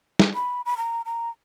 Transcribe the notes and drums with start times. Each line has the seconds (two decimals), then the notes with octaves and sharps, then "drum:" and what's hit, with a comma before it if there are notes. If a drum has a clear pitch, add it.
0.19 drum: snare
0.35 B5
0.66 B5
0.77 A#5
1.06 A#5